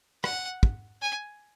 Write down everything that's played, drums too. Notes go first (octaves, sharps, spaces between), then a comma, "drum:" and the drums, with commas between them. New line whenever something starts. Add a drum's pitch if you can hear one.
F#5, drum: rim click
drum: kick
G#5